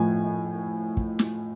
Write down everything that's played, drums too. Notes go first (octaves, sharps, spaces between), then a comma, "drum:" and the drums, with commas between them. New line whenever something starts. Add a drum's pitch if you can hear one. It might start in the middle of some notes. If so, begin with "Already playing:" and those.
Already playing: A2 F3 G#5
drum: kick
drum: snare